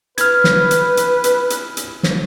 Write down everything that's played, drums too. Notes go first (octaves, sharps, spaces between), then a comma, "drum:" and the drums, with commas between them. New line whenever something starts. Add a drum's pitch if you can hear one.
B4 F6 G#6, drum: hi-hat
drum: snare
drum: hi-hat
drum: hi-hat
drum: hi-hat
drum: hi-hat
drum: hi-hat
drum: snare